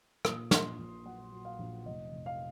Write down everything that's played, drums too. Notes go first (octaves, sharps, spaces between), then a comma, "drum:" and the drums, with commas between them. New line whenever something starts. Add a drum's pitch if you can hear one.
A#2 D#6, drum: rim click
A#2 C6, drum: snare
A#1
F#3 F#5
F#3
F5
A#1
F1 D#5
F1
F5